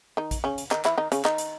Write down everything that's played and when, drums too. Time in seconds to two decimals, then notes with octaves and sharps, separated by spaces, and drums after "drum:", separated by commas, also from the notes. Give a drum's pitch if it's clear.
0.17 D#3 D#4
0.31 drum: kick, hi-hat
0.44 C#3 C#4
0.58 drum: hi-hat
0.71 D#3 D#4, drum: clap
0.85 E3 E4, drum: clap
0.98 D#3 D#4
1.12 C#3 C#4, drum: hi-hat
1.25 D#3 D#4, drum: clap
1.38 drum: hi-hat